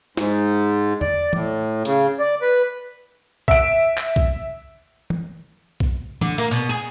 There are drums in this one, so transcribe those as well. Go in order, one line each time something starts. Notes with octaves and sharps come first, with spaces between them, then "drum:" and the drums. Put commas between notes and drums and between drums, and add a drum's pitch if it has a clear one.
G#2, drum: snare
D5, drum: tom E2
A2, drum: tom
C#3, drum: hi-hat
D5
B4
E5 D7, drum: kick B1
drum: clap
drum: kick B1
drum: tom
drum: kick B1
D3, drum: tom
A#3
B2, drum: cymbal
G#4